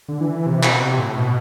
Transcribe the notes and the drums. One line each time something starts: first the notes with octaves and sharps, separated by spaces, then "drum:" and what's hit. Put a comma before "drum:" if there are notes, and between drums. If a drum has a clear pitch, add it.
D3
E3
C3
B2, drum: clap
C3
A2
B2